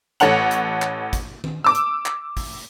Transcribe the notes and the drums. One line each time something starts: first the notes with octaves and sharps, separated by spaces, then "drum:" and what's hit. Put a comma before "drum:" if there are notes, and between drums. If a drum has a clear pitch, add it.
A1 A4 C#5 F#5 F#7, drum: hi-hat
drum: hi-hat
drum: clap
drum: kick, hi-hat
drum: tom D#3
D6 E6
drum: hi-hat
drum: clap
drum: kick, open hi-hat